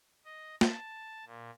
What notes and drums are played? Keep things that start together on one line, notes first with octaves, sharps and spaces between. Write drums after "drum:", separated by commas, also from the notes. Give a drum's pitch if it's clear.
D#5
A5, drum: snare
A#2